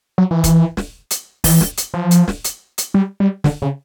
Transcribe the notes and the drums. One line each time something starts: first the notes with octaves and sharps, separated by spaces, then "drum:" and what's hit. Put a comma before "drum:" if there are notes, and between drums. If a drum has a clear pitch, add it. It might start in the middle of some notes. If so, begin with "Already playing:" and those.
F#3
E3
drum: kick, hi-hat
drum: snare
drum: hi-hat
E3, drum: kick, open hi-hat
drum: snare
drum: hi-hat
F3
drum: hi-hat
drum: snare
drum: hi-hat
drum: hi-hat
G3
G3
D3, drum: snare
C#3